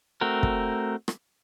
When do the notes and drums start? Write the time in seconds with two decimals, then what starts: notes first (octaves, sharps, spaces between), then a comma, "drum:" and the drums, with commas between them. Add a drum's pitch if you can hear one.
0.21 A3 C4 F#4 A#4
0.43 drum: kick
1.08 drum: rim click